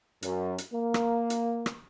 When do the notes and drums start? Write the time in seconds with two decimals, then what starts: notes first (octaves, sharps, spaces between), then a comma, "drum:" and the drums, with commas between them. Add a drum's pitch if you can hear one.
0.22 F#2, drum: hi-hat
0.58 drum: hi-hat
0.73 A#3
0.94 drum: rim click
1.30 drum: hi-hat
1.66 drum: rim click